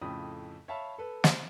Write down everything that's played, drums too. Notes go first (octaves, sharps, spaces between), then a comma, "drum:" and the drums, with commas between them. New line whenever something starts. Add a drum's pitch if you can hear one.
F2 A2 C#3 G5 B5 D#6
C#5 E5 F5 A5 B5
A4 B4
C5, drum: snare